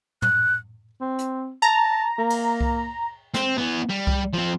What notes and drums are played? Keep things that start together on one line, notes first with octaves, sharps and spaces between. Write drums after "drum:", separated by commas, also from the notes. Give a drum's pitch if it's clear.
F#6, drum: tom
C4
drum: hi-hat
A5 A#5
A#3
drum: cymbal
drum: kick C2
C4, drum: snare
E3 B3
G3
drum: kick C2
F3 C4